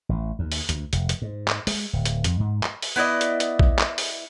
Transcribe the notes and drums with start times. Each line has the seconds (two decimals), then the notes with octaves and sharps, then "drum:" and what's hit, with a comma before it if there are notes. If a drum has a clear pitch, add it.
0.09 A1
0.39 D#2
0.52 drum: open hi-hat
0.69 D2, drum: hi-hat
0.93 F1, drum: hi-hat
1.09 drum: hi-hat
1.22 G#2
1.48 drum: clap
1.67 G#3, drum: open hi-hat
1.93 D1
2.05 drum: hi-hat
2.24 F2, drum: hi-hat
2.40 G#2
2.63 drum: clap
2.82 drum: open hi-hat
2.96 B3 E4 D5 D#5
3.21 drum: hi-hat
3.40 drum: hi-hat
3.59 drum: kick A#1
3.79 drum: clap
3.98 drum: open hi-hat